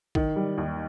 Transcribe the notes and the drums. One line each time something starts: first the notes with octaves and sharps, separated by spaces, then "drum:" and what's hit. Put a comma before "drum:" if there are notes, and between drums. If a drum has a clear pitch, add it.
D#3, drum: kick
G3
D#2